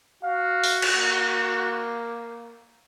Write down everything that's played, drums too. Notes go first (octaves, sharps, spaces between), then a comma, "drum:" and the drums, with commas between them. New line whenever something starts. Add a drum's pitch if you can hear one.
F#4 F5
drum: open hi-hat
drum: cymbal
A#3